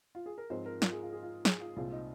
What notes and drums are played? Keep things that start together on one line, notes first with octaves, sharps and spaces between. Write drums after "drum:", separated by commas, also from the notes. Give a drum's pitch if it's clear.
F4
G#4
A#4
G#2 F3 G#3 C4 C5
A#4
F4, drum: snare
G#4
F4
G#4
F4
G#4, drum: snare
F4
C2 A#2 G#3 C4 F4
D#4